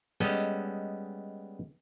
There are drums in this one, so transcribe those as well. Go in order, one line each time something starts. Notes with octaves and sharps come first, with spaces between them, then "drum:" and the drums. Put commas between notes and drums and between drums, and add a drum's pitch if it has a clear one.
G3 G#3 B3 C#4 A4 D#5, drum: open hi-hat